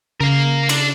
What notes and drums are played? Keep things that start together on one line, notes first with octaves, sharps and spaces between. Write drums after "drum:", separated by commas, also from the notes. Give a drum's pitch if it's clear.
C#3 A#4 F5
D4, drum: cymbal